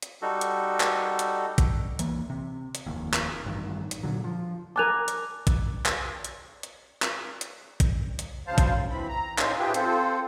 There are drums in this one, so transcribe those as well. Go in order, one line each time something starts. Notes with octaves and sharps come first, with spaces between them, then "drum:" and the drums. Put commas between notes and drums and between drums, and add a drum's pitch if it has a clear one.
drum: hi-hat
G3 D#4 F#4 A4
drum: hi-hat
drum: clap
drum: hi-hat
drum: kick, hi-hat
E3 A#3, drum: hi-hat
C3
drum: hi-hat
F1 D#2
drum: clap
A1 G2 D#3
drum: hi-hat
A#2 D3 F#3
F3
A#4 G#5 A5 D6 F#6 F7
drum: hi-hat
drum: kick, hi-hat
drum: clap
drum: hi-hat
drum: hi-hat
drum: clap
drum: hi-hat
drum: kick, hi-hat
drum: hi-hat
D2 C#3 C5 F5 A5
drum: kick, hi-hat
E3 C4 B5
A#5
A2 C#4 D#4 C5 F5 C6, drum: clap
F4 G4 G#4 B4 E5 G5
C4 F4 A4 C5, drum: hi-hat